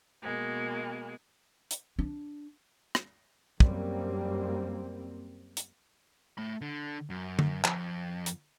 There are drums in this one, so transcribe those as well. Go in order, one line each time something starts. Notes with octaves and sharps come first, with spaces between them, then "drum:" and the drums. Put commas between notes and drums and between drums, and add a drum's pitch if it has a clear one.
B2 G#3 A#3
drum: hi-hat
D4
drum: rim click
F#2 G3 A#3 C4, drum: kick
drum: hi-hat
A3 B5
D3
F#2
drum: tom D3
F2, drum: clap
drum: hi-hat